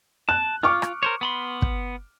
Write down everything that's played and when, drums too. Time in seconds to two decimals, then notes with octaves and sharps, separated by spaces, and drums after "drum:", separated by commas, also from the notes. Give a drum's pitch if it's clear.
0.29 A5 F#6
0.63 F4 C#6 D6 F6
0.82 drum: rim click
1.03 A#4 C5 C#5
1.21 B3 B5 C6
1.62 drum: kick